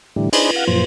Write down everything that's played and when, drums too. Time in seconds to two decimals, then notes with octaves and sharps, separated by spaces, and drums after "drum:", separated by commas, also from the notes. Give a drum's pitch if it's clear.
0.16 A2 D3 E3 G3
0.33 D4 D#4 G#4 B4 C5, drum: cymbal
0.56 F5 F#5
0.67 F#2 A#2 F3 C5